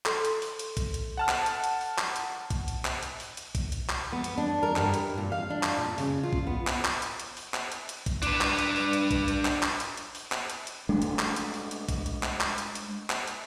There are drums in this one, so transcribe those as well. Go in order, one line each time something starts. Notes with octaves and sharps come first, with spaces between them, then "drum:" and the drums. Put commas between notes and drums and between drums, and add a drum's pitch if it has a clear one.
A4 C6, drum: clap
drum: hi-hat
drum: open hi-hat
drum: hi-hat
drum: kick, hi-hat
drum: hi-hat
F#5 A5 F6
drum: clap
drum: hi-hat
drum: hi-hat
drum: open hi-hat
drum: clap
drum: hi-hat
drum: kick, hi-hat
drum: hi-hat
drum: clap
drum: hi-hat
drum: open hi-hat
drum: hi-hat
drum: kick, hi-hat
drum: hi-hat
drum: clap
B3
drum: hi-hat
D4
A#4
G2, drum: clap
drum: hi-hat
A#2
F5
D4
drum: clap
A#2
C#3, drum: open hi-hat
F4
drum: kick
B3
drum: clap
drum: clap
drum: hi-hat
drum: hi-hat
drum: open hi-hat
drum: clap
drum: hi-hat
drum: hi-hat
drum: kick, hi-hat
D4 B4, drum: hi-hat
drum: clap
drum: hi-hat
drum: open hi-hat
drum: hi-hat
drum: kick, hi-hat
drum: hi-hat
drum: clap
drum: clap
drum: hi-hat
drum: hi-hat
drum: open hi-hat
drum: clap
drum: hi-hat
drum: hi-hat
G#3 A3 D4
drum: hi-hat
drum: clap
drum: hi-hat
drum: open hi-hat
drum: hi-hat
drum: kick, hi-hat
drum: hi-hat
drum: clap
drum: clap
drum: hi-hat
drum: hi-hat
drum: clap
drum: hi-hat